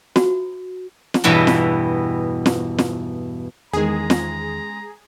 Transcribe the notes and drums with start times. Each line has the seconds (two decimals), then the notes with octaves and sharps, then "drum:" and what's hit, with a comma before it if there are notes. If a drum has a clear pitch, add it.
0.16 F#4, drum: snare
1.14 drum: snare
1.24 E2 G2 B2 E3 B3
1.47 drum: snare
2.46 drum: snare
2.78 drum: snare
3.73 E2 D#3 G#3 B3 C#4 G#4 A#5
4.10 drum: snare